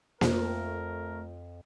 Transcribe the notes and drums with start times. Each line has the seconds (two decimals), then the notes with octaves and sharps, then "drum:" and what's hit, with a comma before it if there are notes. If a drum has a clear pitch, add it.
0.21 F2 A3 F4 A#4 C5, drum: snare A#3